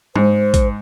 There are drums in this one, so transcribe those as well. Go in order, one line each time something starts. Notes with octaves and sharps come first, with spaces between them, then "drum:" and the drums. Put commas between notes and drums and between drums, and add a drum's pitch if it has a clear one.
G#2 C5, drum: tom G#2
drum: kick, hi-hat